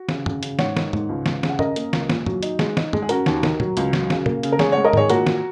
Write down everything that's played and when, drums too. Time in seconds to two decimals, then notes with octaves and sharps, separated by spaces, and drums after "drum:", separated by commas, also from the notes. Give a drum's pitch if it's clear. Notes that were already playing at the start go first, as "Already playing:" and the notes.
Already playing: F#4
0.09 C#3, drum: snare
0.26 C#3, drum: tom F#2
0.43 C#3, drum: hi-hat
0.59 G#2 C#5 F#5, drum: snare
0.77 D#3, drum: snare
0.93 G#2, drum: tom F#2
1.09 C#2
1.26 C#2, drum: snare
1.43 C#3, drum: snare
1.49 F#5
1.59 C#4 A#4 D#5, drum: tom F#2
1.76 A#3, drum: hi-hat
1.93 C#2, drum: snare
2.10 A#2, drum: snare
2.26 F#3, drum: tom F#2
2.43 D#4, drum: hi-hat
2.59 G#3, drum: snare
2.77 D#4, drum: snare
2.93 G#3, drum: tom F#2
3.02 G#4
3.09 C#4 F#4 A#4, drum: hi-hat
3.26 D#2, drum: snare
3.43 D#3, drum: snare
3.60 F#3, drum: tom A#2
3.77 C#2, drum: hi-hat
3.93 F#3, drum: snare
4.10 C#3, drum: snare
4.26 A#3, drum: tom A#2
4.43 C#3, drum: hi-hat
4.52 A#4
4.59 G#3 G#4 C#5, drum: snare
4.72 G#3 C#5 F#5
4.84 A#4 D#5
4.93 D#3 G#4 C#5, drum: tom
5.10 A#2 F#4 A#4, drum: hi-hat
5.27 A#2, drum: snare